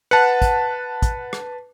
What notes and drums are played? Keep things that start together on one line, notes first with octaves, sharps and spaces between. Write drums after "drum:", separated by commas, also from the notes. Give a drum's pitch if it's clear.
B4 F#5 A5
drum: kick, hi-hat
drum: kick, hi-hat
drum: rim click